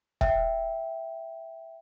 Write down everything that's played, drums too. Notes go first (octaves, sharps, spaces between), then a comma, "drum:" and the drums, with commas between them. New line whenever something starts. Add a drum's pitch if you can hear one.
E5 G5, drum: kick E1